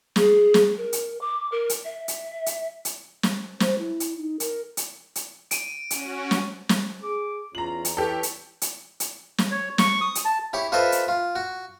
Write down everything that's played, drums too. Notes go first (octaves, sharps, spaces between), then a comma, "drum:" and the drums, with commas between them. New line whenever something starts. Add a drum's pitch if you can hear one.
G#4, drum: snare
drum: snare
A#4
drum: hi-hat
D6
A#4
drum: hi-hat
E5
drum: hi-hat
drum: hi-hat
drum: hi-hat
drum: snare
C5, drum: snare
E4
drum: hi-hat
D#4
A#4, drum: hi-hat
drum: hi-hat
drum: hi-hat
D7 D#7, drum: hi-hat
C#4 F#4, drum: hi-hat
drum: snare
drum: snare
G#4 D6
E2 C#4 F4 A#5 F#7
drum: hi-hat
E3 E4 G4 A4 B4 C#5
drum: hi-hat
drum: hi-hat
drum: hi-hat
drum: snare
C#5
C#6, drum: snare
D#6
drum: hi-hat
A5
E4 G4 C#5
F4 A4 B4 C5 D#5 E5
drum: hi-hat
F4
F#4